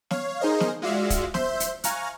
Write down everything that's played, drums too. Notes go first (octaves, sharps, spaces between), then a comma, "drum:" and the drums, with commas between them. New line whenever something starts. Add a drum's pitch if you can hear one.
C#5 F5, drum: snare
D#4 G#4 A#4 C5 D#5
drum: snare
G#3 F4 F#4 D5 E5 F5
drum: kick, hi-hat
C5 E5 C6 G6, drum: snare
drum: hi-hat
F5 G#5 A#5 C#6 F6 F#6, drum: hi-hat